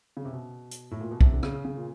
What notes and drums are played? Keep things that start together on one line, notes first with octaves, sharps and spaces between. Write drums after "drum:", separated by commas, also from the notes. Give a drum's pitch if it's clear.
C#3
C3
B2
drum: hi-hat
A2
A#2
B2
C3, drum: kick
D3
C#3, drum: rim click
C#3
A#2